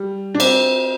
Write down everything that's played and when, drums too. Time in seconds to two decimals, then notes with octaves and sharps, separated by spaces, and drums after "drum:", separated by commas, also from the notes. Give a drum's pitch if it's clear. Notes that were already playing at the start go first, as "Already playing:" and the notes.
Already playing: G3
0.35 D4
0.40 C4, drum: cymbal